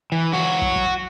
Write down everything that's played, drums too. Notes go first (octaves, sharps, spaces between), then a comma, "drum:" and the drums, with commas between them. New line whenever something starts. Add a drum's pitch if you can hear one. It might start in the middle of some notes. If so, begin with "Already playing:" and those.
E3
F#3 F#4
drum: kick
drum: kick